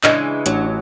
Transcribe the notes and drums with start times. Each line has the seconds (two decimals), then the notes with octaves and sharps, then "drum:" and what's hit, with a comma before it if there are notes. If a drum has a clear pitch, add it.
0.04 C#3 E3 G#3 D4 D#5, drum: clap
0.46 A1 F#3 D4, drum: hi-hat